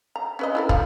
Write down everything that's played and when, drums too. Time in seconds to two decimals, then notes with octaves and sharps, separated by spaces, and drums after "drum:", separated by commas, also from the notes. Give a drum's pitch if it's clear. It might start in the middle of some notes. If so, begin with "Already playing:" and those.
0.16 A#5
0.39 C#4 B4 D#5
0.55 E4 A4 A#4
0.69 B3 F4, drum: kick